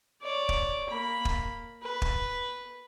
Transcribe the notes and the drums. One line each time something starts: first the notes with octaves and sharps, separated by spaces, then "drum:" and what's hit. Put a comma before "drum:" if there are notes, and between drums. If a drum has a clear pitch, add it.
C#5 D5
drum: kick
A#3 B5
drum: kick
B4
drum: kick